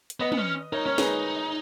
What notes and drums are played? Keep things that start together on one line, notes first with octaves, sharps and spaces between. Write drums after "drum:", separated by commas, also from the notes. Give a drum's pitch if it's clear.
drum: hi-hat
B3 B4 D#5
B3, drum: tom
C#4
D#4 A#4 C#5
C#4 C#5
D#4 G#4 B4, drum: snare